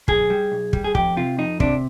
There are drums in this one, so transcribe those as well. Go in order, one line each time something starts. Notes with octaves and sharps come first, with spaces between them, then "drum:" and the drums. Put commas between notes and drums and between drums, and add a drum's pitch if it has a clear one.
B1 G#4, drum: kick
G3
B1
G3, drum: kick
G#4
F2 G4, drum: kick
C3 F4
F2 D#4
C3 D4, drum: kick